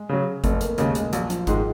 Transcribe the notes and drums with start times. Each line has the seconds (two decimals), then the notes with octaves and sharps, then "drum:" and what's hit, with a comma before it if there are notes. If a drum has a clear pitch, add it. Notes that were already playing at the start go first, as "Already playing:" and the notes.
Already playing: G#3
0.09 C#3 F#3
0.44 F1 A3, drum: kick G1, hi-hat
0.61 A#3, drum: hi-hat
0.78 D#2 C#3 G#3, drum: hi-hat
0.95 G#3, drum: hi-hat
1.13 A#1 F#3, drum: hi-hat
1.30 F3, drum: hi-hat
1.47 G#2 D#3 F3 G#3, drum: kick G1, hi-hat